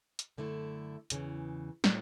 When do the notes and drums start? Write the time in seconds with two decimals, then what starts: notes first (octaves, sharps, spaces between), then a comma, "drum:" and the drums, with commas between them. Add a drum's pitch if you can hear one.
0.19 drum: hi-hat
0.37 F#2 D3 A3 E4
1.10 E2 C#3 E3, drum: hi-hat
1.84 A2 F#3 A3, drum: snare